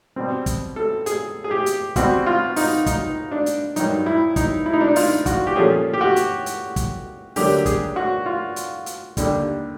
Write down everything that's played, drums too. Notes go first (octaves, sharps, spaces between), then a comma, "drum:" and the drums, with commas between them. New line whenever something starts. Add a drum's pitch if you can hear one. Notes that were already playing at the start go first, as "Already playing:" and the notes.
B2 G3 C4
drum: kick, hi-hat
A4
G#4, drum: hi-hat
G#4
G4
drum: hi-hat
B2 G3 C4 F#4, drum: kick, hi-hat
F4
D#4, drum: open hi-hat
D#4, drum: kick, hi-hat
D4
drum: hi-hat
G2 D#3 F#3 D#4, drum: hi-hat
E4
D#4, drum: kick, hi-hat
E4
D#4
D4
D#4
F4, drum: open hi-hat
F#4, drum: kick, hi-hat
G4
A#2 F3 A3 C#4 G#4
G4
F#4
drum: hi-hat
drum: hi-hat
drum: kick, hi-hat
D2 D3 F#3 A#3 G4, drum: open hi-hat
G#4, drum: kick, hi-hat
F#4
F4
drum: hi-hat
drum: hi-hat
D#2 D3 G3, drum: kick, hi-hat